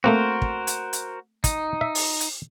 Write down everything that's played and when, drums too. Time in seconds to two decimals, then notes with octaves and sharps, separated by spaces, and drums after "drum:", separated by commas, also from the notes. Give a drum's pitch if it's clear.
0.04 A3 A#3 C4 F#4 A#4 C5
0.42 drum: kick
0.67 drum: hi-hat
0.93 drum: hi-hat
1.44 D#4, drum: kick, hi-hat
1.81 E5
1.95 drum: open hi-hat
2.20 drum: hi-hat